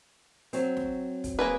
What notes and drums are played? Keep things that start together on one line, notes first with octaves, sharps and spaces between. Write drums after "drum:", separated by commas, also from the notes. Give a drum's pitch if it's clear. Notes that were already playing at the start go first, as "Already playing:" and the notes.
F#3 C4, drum: hi-hat
drum: snare
drum: kick, hi-hat
A#3 G#4 B4